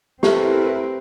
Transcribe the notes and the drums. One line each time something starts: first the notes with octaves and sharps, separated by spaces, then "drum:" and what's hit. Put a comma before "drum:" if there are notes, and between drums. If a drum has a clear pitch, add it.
A3 C4 E4 G4 A#4 B4, drum: snare